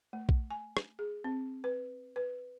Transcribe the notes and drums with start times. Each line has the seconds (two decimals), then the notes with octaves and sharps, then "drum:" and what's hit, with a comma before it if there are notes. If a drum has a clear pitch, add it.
0.13 A3
0.29 drum: kick A#1
0.51 G#5
0.77 drum: rim click
0.99 G#4
1.24 C4
1.64 B4
2.16 B4